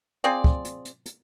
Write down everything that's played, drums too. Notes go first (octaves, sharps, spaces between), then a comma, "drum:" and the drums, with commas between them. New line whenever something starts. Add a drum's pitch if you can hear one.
C4 F4 G#4 D5
drum: kick
drum: hi-hat
drum: hi-hat
drum: hi-hat